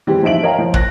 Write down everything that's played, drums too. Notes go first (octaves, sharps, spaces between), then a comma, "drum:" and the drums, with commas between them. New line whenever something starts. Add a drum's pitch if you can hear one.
E3 G3 G#3 C4
F3 D#4 E5 D7 F#7
A#4 C#5 D#5 F5 G5 A#5
F3
F#6 A#6, drum: kick